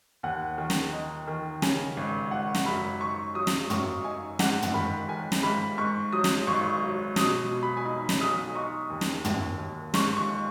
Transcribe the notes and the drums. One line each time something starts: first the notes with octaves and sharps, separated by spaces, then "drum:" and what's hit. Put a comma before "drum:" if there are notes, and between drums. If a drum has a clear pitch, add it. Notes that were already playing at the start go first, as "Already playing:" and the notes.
D#2 F#5
D#3
drum: snare
D#4
D#3
C#3 G#5, drum: snare
G#1
G#1 F#5
drum: snare
F#2 B5
D#4 C#6
F#3 D#6
drum: snare
F#2 C#6, drum: tom
D#4 G#5
G#2 F#5, drum: snare
drum: tom
D#3 B5
D#3 G#5
drum: snare
G#2 B5
G#2 C#6
F#3 D#6
drum: snare
G#1 C#6
F#3
B2 D#6, drum: snare
B2
B5
G#5
D#4 B5
drum: snare
B1 D#6
D#4 C#6
D#2
drum: snare
D#2, drum: tom
D#2
G#2 C#6, drum: snare
C#6